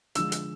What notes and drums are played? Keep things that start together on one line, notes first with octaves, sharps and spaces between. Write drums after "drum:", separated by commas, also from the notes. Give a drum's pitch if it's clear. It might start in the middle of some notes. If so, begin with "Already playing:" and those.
D3 F3 G#3 E6, drum: hi-hat
drum: hi-hat